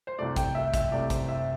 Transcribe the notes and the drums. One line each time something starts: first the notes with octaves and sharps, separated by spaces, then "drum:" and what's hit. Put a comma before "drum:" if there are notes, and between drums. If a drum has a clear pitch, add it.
C5
C2 C3 A3 D5
G5, drum: kick, hi-hat
E5
E5, drum: kick, hi-hat
C2 C3 A3 D5
C5, drum: kick, hi-hat
E5